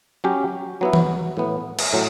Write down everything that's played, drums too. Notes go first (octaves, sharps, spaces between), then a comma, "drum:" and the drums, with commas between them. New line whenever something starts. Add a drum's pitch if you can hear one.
F#3 C#4 G4
F#3 B3 E4
drum: tom E3
A2 E3 B3
drum: cymbal
A2 F#3